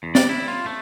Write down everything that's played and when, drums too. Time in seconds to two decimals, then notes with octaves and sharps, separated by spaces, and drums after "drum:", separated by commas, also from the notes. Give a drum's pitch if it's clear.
0.03 E2
0.15 D5, drum: snare
0.29 E4
0.48 F4
0.66 A3